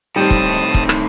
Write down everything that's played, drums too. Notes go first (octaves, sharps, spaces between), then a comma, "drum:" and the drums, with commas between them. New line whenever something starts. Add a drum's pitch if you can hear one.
A2 G3 C4 D#4 A5 D#6
drum: kick
drum: kick
drum: rim click